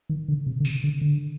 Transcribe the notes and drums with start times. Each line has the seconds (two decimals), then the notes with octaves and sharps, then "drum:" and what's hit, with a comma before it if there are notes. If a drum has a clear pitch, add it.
0.09 D#3
0.28 D3
0.47 C3
0.60 D3
0.65 C3, drum: tambourine
0.84 D3
1.01 D3